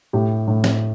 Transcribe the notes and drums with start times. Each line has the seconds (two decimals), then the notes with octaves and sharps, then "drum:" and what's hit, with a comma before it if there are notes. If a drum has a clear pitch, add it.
0.13 A2 G4
0.47 A2
0.64 drum: snare